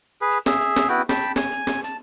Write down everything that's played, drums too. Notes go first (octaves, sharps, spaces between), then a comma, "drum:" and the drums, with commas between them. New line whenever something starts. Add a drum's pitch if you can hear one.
G#4 B4
drum: tambourine
G#4 E5, drum: snare
drum: tambourine
drum: snare
B3 E4 F#4 G5, drum: tambourine
G5 A5 B5, drum: snare
drum: tambourine
G#5, drum: snare
drum: tambourine
drum: snare
A5, drum: tambourine